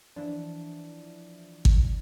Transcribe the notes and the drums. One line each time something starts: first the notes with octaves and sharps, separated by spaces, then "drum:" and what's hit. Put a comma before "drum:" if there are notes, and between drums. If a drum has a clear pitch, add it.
E3 F3 D4
drum: kick